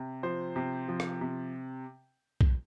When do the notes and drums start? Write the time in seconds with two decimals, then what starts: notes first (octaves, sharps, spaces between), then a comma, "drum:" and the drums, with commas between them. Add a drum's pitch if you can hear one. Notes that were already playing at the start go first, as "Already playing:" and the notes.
Already playing: C3
0.23 F3 C5
0.56 C3
0.88 F3
1.00 drum: rim click
1.21 C3
2.41 drum: kick B1